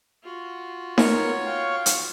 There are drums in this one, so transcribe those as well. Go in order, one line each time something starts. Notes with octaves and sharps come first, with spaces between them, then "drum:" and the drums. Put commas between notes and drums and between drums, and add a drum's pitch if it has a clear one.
F4 F#4
B3 A#4 C#5, drum: snare D#4
F5 G5
drum: hi-hat